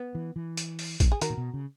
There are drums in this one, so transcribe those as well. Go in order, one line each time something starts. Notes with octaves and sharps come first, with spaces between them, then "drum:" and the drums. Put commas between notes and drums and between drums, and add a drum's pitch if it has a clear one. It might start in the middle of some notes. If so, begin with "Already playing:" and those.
Already playing: B3
E3
E3
drum: hi-hat
drum: open hi-hat
drum: kick, hi-hat
G#4
D#3 F#4 A#4, drum: hi-hat
A#2
B2
C#3